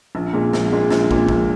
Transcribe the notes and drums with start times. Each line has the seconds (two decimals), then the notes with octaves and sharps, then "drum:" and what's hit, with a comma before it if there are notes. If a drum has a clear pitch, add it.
0.15 A#1
0.33 A#2 G#3
0.53 A#1, drum: snare
0.72 A#2 G#3
0.90 A#1, drum: snare
1.11 A#2 G#3, drum: kick
1.29 A#1, drum: kick